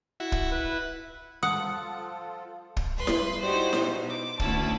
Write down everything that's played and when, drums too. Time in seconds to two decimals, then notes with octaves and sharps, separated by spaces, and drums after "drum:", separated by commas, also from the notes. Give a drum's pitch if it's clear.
0.20 E4 F#4
0.32 drum: kick
0.51 E4 B4
1.43 F3 F4 A4 F#5 D#6
2.77 drum: kick
2.95 G2 B4 C6
3.07 drum: snare E4
3.40 D#4 E4 F#4 G4 C5 D5
3.73 B2 D#4, drum: snare E4
4.09 D6
4.40 D2 B2 D3 C#4 E4 A5, drum: kick